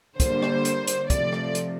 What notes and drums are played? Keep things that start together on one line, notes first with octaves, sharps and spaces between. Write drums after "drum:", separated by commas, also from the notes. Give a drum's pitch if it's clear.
D3 G3 A#3 C5, drum: kick, hi-hat
drum: rim click
drum: hi-hat
drum: hi-hat
C3 F3 A3 D5, drum: kick, hi-hat
drum: rim click
drum: hi-hat